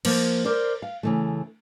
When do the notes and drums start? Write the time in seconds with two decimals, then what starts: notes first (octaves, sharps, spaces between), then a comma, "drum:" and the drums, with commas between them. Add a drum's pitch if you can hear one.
0.05 F3 A#3 A#4 C5, drum: cymbal
0.45 A#4 C5 D5
0.82 F5
1.03 C#3 E3 A3